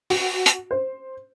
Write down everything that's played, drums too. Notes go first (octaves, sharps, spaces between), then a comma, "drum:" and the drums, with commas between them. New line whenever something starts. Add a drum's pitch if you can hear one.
F#4, drum: open hi-hat
drum: hi-hat
C5